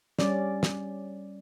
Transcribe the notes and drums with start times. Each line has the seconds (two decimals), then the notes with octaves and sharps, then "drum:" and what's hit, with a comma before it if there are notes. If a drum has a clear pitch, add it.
0.19 G3 C#4 D5, drum: snare
0.63 drum: snare